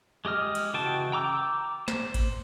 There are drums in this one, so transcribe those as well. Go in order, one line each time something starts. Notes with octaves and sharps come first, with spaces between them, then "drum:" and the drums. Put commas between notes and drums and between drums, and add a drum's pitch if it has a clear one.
G#3 G4 D#5 F6
drum: cymbal
C#3 E3 F#4 G5 A5
G5 A#5 D6 E6 G6
C5, drum: snare
drum: kick G#1, cymbal